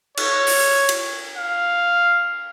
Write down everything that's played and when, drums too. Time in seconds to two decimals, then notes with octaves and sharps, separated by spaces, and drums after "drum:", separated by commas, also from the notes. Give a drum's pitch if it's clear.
0.17 C#5, drum: cymbal
0.47 drum: open hi-hat
0.89 drum: cymbal
1.37 F5